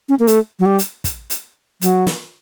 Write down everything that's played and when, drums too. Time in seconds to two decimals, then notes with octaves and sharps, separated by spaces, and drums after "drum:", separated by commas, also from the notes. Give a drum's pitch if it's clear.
0.09 C#4
0.19 A#3
0.27 A3, drum: hi-hat
0.59 F#3
0.66 G3
0.79 drum: hi-hat
1.04 drum: kick, hi-hat
1.30 drum: hi-hat
1.82 F#3, drum: hi-hat
2.07 drum: snare